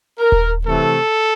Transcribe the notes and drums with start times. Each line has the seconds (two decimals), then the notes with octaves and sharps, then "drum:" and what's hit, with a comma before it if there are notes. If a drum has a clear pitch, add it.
0.19 A#4
0.32 drum: kick D#1
0.65 C3 E3 A3 A4